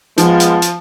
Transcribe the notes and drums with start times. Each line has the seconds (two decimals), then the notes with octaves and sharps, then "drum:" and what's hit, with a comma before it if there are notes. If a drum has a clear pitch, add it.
0.18 F3 G#3 B3 F4, drum: hi-hat
0.40 drum: hi-hat
0.62 drum: hi-hat